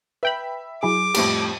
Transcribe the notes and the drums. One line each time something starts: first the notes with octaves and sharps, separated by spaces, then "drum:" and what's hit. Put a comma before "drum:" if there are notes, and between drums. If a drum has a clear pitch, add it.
B4 E5 G5 B5
F#3 E4 G#4 D6
F2 A2 G3, drum: cymbal